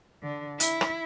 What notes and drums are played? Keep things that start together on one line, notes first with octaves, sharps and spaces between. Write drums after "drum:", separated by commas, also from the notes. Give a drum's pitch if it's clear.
D3
E4, drum: hi-hat
drum: rim click